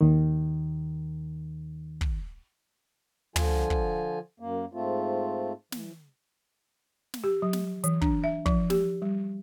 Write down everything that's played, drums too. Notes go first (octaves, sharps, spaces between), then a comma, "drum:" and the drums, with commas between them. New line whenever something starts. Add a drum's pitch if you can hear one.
D#2 D#3
drum: kick
D3 F3 F4 G#5, drum: tom
drum: kick
F#2 A#3
G#2 A3 C4 F4
E3, drum: snare
drum: snare
G4
F#3
drum: snare
E3, drum: hi-hat
D4, drum: kick
E5
F3, drum: kick
G4, drum: snare
G3